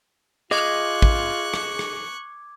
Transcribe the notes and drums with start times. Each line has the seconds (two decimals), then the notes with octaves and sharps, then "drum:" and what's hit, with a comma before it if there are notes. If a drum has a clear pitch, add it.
0.51 F4 G#4 D#5 C#6 D6 F#6 G#6
1.02 drum: kick A1
1.54 drum: rim click
1.79 drum: rim click